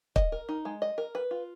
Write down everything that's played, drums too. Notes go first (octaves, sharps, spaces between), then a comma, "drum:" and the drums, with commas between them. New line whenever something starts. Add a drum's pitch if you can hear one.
D#5, drum: kick
A#4
D#4
G#3
D#5
A#4
B4
F4